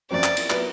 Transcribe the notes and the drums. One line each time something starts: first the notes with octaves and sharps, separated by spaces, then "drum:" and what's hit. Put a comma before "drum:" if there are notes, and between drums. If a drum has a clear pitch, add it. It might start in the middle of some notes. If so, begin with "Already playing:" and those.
F#1 F#2 F#3 C4 D5
drum: clap
drum: cymbal
F#3 B3 E4 B4, drum: clap